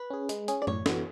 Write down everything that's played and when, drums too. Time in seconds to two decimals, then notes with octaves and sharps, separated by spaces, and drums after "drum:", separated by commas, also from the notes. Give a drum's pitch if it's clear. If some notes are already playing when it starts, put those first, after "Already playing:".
Already playing: B4
0.10 C#4 G#4
0.29 G#3, drum: hi-hat
0.48 C#4 G#4, drum: hi-hat
0.62 D5
0.67 A2 C#5, drum: tom F#2
0.86 E3 B3 F#4, drum: snare